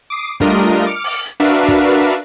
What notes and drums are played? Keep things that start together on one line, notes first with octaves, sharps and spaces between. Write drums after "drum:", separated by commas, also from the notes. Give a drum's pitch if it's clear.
D6 D#6 C7
G3 A3 D4 F4 A#4 D#5, drum: kick, hi-hat
drum: hi-hat
D6 F6 C#7
drum: open hi-hat
drum: hi-hat
D4 F#4 A#4 B4 E5 F5
drum: kick, hi-hat
drum: hi-hat